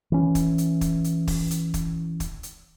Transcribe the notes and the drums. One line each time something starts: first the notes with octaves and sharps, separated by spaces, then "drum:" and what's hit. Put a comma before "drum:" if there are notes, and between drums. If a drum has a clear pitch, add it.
E3 C#4
drum: kick, hi-hat
drum: hi-hat
drum: kick, hi-hat
drum: hi-hat
drum: kick, open hi-hat
drum: hi-hat
drum: kick, hi-hat
drum: kick, hi-hat
drum: hi-hat